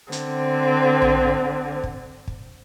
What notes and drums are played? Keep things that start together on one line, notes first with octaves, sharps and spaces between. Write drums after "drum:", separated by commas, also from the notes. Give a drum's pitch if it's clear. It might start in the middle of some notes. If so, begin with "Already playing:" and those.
D3 C4, drum: hi-hat
drum: tom A#1
drum: kick
drum: kick